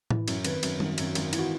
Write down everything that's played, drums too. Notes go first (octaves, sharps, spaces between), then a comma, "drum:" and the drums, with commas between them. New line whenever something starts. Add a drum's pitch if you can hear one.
E3, drum: tom A2
F#2, drum: cymbal
G#1 B4, drum: cymbal
F#2, drum: cymbal
G#1, drum: tom G3
F#2, drum: cymbal
G#1, drum: cymbal
E3, drum: cymbal
F#4